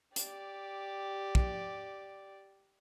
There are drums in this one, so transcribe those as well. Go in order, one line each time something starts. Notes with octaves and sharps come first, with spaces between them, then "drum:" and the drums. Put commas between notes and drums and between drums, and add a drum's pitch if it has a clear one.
G4 D5, drum: hi-hat
drum: kick